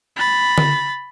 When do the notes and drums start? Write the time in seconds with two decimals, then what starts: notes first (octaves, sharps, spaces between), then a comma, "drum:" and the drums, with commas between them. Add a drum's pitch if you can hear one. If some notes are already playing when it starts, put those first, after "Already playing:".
0.16 B5 A6
0.58 drum: tom D3